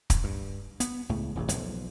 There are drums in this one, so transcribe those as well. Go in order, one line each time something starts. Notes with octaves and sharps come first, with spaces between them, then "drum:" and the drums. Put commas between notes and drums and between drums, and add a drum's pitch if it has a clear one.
drum: kick, hi-hat
G2
B3, drum: hi-hat
C#2 A2 C#3
E1 A1 C#3
B1 F3, drum: hi-hat